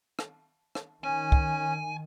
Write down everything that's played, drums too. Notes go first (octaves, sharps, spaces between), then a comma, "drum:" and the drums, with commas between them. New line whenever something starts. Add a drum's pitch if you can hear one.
drum: rim click
drum: rim click
D#3 C#4 G#5
drum: kick